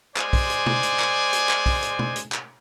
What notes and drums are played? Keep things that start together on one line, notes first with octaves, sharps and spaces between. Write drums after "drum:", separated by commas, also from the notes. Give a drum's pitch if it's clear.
G#3 C5 D5 G#5, drum: clap
drum: kick, open hi-hat
drum: hi-hat
drum: tom B2
drum: hi-hat
drum: clap
drum: hi-hat
drum: clap
drum: kick, open hi-hat
drum: hi-hat
drum: tom B2
drum: hi-hat
drum: clap